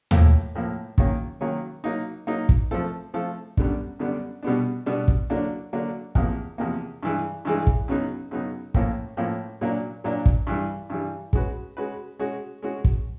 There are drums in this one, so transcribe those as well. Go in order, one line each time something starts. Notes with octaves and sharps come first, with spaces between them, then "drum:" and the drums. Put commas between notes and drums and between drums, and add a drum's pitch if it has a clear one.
A2 F3 A#3, drum: tom D#2
A2 F3 A#3
D#3 F#3 A#3 C#4, drum: kick
D#3 F#3 A#3 C#4
F#3 A#3 D#4
F#3 A#3 D#4
drum: kick
F3 A3 C4 F4 A4
F3 A3 C4 F4 A4
F#2 D3 G3 B3 D4, drum: kick
F#2 D3 G3 B3 D4
B2 G3 B3 D4
B2 G3 B3 D4
drum: kick
D3 F#3 A#3 D4
D3 F#3 A#3 D4
E2 C3 F3 A#3, drum: kick
E2 C3 F3 A#3
G2 E3 G#3
G2 E3 G#3
drum: kick
F#2 C#3 F#3 B3 D#4
F#2 C#3 F#3 B3 D#4
A2 F3 A#3 C#4 F4, drum: kick
A2 F3 A#3 C#4 F4
A#2 F#3 A#3 D4
A#2 F#3 A#3 D4
drum: kick
G2 E3 G3
G2 E3 G3
G#3 C#4 F#4 B4, drum: kick
G#3 C#4 F#4 B4
G#3 C#4 F#4
G#3 C#4 F#4
drum: kick